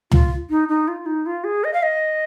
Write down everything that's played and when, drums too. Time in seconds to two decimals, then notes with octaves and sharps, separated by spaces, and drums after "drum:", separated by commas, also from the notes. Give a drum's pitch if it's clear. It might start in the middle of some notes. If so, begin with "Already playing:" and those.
0.11 F4, drum: tom
0.50 D#4
0.69 D#4
0.88 F4
1.06 D#4
1.26 F4
1.44 G#4
1.64 D#5
1.73 F5
1.83 D#5